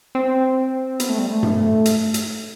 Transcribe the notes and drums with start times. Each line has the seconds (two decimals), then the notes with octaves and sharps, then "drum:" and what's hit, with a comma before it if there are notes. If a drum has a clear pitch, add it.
0.15 C4
1.00 B3, drum: hi-hat
1.09 A3
1.18 G3
1.27 A3
1.43 drum: tom G2
1.85 drum: hi-hat
2.14 drum: hi-hat